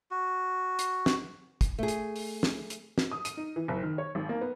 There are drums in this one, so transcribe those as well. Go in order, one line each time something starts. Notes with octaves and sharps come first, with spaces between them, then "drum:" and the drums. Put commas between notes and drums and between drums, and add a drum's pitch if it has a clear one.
F#4
drum: hi-hat
drum: snare
drum: kick, hi-hat
A3 G#4
drum: hi-hat
drum: open hi-hat
drum: snare
drum: hi-hat
drum: snare
D#6
D#7, drum: hi-hat
D#4
E3
F#1
D#3
C#5
G#1
A#3
B3